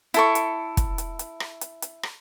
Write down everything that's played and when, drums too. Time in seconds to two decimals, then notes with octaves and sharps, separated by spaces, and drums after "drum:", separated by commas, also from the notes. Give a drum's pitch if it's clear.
0.14 E4 A4 C#6, drum: hi-hat
0.35 drum: hi-hat
0.77 drum: kick, hi-hat
0.98 drum: hi-hat
1.19 drum: hi-hat
1.40 drum: rim click
1.61 drum: hi-hat
1.82 drum: hi-hat
2.03 drum: rim click